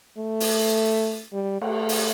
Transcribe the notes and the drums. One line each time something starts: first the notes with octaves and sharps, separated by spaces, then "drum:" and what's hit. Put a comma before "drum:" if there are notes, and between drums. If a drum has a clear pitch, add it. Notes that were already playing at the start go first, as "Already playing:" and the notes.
A3
drum: open hi-hat
G3
A3, drum: cymbal
drum: open hi-hat